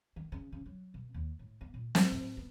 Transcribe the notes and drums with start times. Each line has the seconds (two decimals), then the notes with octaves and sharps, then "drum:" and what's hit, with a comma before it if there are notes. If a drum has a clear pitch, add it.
0.16 D#3
0.32 C#3
0.52 C#3
0.66 F#3
0.94 B2
1.14 D#2
1.39 A2
1.61 B3
1.74 A#2
1.95 G#2, drum: snare
2.12 A2
2.37 B3